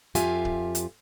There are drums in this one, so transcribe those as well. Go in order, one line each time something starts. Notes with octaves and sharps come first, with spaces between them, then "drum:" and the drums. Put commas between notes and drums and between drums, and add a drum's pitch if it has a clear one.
F2 F4 G4 E5 F5 G#5, drum: hi-hat
drum: kick C#1
drum: hi-hat